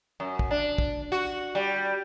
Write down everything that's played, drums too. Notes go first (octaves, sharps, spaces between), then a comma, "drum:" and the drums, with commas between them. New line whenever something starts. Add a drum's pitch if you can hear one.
F#2
drum: kick
D4
drum: kick
F#4
G3